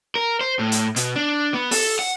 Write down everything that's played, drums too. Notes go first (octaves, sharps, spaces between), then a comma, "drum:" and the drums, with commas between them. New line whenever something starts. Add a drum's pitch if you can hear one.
A#4
C5
A2
drum: hi-hat
B2, drum: hi-hat
D4
B3
A4, drum: open hi-hat
F#5